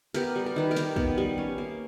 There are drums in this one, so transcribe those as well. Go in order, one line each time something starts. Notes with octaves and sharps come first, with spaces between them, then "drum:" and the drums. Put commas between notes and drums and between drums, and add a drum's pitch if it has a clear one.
B3 G4 A#4, drum: snare
G3
A#4
D#3 B4
G4 A#4
D#3, drum: snare
B3, drum: kick
G3
C#4
A#3